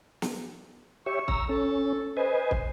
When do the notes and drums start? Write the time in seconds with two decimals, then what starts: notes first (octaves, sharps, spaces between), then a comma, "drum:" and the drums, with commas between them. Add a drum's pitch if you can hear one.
0.22 drum: snare
1.06 G4 C#5 E5 C#6
1.28 A#5 E6, drum: kick
1.49 C#4 A4
2.17 B4 C5 D#5 G#5
2.51 drum: kick